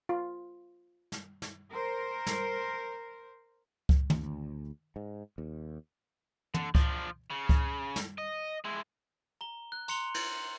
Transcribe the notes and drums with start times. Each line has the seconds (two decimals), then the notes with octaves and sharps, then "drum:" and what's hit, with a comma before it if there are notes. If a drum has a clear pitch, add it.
0.09 F4
1.12 drum: snare
1.42 drum: snare
1.71 A#4 C5
2.27 drum: snare
3.89 drum: kick C#2
4.10 D2, drum: tom
4.96 G#2
5.38 D#2
6.54 D3, drum: tom
6.75 F3 D4, drum: kick C#2
7.30 C#3
7.49 drum: kick C#2
7.96 drum: snare
8.18 D#5
8.65 G#3 E4
9.41 A#5 G7
9.72 F#6
9.88 A#5 C6 C#7 F7 G7, drum: tambourine
10.14 G6 F#7, drum: cymbal